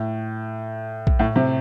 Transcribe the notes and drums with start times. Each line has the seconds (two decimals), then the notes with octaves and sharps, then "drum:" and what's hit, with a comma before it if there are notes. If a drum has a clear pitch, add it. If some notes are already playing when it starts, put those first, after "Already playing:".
Already playing: A2
1.07 drum: kick A#1
1.19 A2
1.36 C3